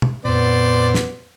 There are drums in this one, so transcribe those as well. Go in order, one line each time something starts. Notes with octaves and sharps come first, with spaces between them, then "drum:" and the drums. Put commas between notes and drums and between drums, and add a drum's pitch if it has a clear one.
drum: tom B2
F2 A#2 B3 C5 D5
drum: snare